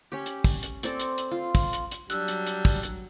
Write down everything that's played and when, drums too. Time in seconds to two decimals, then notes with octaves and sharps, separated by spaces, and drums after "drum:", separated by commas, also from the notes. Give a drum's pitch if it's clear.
0.12 C#4 G4
0.26 drum: hi-hat
0.44 drum: kick, open hi-hat
0.63 drum: hi-hat
0.83 C4 A4 D5, drum: hi-hat
1.00 drum: hi-hat
1.18 drum: hi-hat
1.31 F4
1.55 drum: kick, open hi-hat
1.73 drum: hi-hat
1.91 drum: hi-hat
2.10 F#3 G3 D4 E6 F#6, drum: hi-hat
2.28 drum: hi-hat
2.47 drum: hi-hat
2.65 drum: kick, open hi-hat
2.83 drum: hi-hat